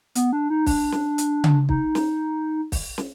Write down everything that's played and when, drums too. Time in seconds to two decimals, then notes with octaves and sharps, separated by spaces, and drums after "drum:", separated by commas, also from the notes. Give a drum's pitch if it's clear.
0.15 B3, drum: hi-hat
0.33 D4
0.50 D#4
0.66 D4, drum: kick, open hi-hat
0.92 drum: snare
1.18 drum: hi-hat
1.44 drum: tom C#3
1.69 D#4, drum: kick
1.95 drum: snare
2.72 drum: kick, open hi-hat
2.98 drum: snare